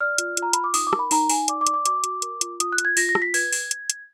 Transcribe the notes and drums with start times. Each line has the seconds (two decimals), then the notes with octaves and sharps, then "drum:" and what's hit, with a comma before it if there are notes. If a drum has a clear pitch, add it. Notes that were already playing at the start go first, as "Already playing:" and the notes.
0.01 D5 F6
0.18 F4, drum: hi-hat
0.37 F4, drum: hi-hat
0.43 A#5
0.53 F4 B5, drum: hi-hat
0.64 D6
0.74 D#4 D#6, drum: open hi-hat
0.87 D6
0.93 A#4, drum: rim click
0.99 B5
1.11 D#4 A#5, drum: open hi-hat
1.29 D#4 G#5, drum: open hi-hat
1.48 D5 D6, drum: hi-hat
1.61 D6
1.67 D5, drum: hi-hat
1.74 D6
1.85 F#4 D6, drum: hi-hat
2.04 F#4, drum: hi-hat
2.22 A#4, drum: hi-hat
2.41 F4, drum: hi-hat
2.60 F4 D#6, drum: hi-hat
2.72 F#6
2.78 F4, drum: hi-hat
2.85 G#6
2.97 F4 A#6, drum: open hi-hat
3.09 A#6
3.15 F4, drum: rim click
3.22 B6
3.34 B4 G#6, drum: open hi-hat
3.53 drum: open hi-hat
3.71 drum: hi-hat
3.90 drum: hi-hat